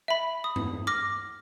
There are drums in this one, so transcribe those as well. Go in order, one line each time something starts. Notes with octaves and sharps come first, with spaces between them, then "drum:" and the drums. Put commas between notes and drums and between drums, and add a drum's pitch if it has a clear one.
E5 B5
D#6
drum: tom
D6 F6 A#6